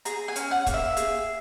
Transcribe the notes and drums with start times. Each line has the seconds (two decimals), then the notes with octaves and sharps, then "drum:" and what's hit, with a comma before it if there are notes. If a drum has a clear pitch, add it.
0.05 G#4 A#5, drum: hi-hat
0.28 G#5
0.36 C#4, drum: hi-hat
0.51 F#5
0.67 A#3, drum: kick C#1, hi-hat
0.74 E5
0.97 G#4, drum: hi-hat